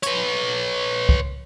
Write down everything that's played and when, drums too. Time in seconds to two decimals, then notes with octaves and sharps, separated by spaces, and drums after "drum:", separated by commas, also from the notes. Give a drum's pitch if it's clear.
0.03 B4 C#5, drum: hi-hat
1.09 drum: kick C2